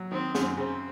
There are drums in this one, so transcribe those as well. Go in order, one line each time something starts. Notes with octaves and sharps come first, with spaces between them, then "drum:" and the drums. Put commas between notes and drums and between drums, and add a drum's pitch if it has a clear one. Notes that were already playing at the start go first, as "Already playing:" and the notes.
Already playing: F#3
D#3 C4
F#2, drum: snare
C#3 C4